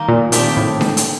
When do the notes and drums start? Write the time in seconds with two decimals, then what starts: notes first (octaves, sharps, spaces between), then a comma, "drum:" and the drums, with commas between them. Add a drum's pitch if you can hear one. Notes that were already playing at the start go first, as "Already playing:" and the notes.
Already playing: D#3 G3 A#3 D#4
0.08 A#2
0.32 A#2 D#3 A3 C4 G4, drum: hi-hat
0.57 A2
0.81 drum: snare D4
0.97 drum: hi-hat